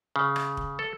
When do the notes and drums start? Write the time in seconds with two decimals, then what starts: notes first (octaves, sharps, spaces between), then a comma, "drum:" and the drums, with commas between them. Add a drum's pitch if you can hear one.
0.16 C#3
0.36 drum: rim click
0.57 drum: kick
0.79 A4